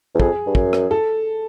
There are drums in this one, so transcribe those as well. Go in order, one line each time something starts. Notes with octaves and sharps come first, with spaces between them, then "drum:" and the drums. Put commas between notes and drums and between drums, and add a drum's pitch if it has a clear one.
E2
F2 G#4, drum: kick
G2
F#2, drum: kick
drum: rim click
A4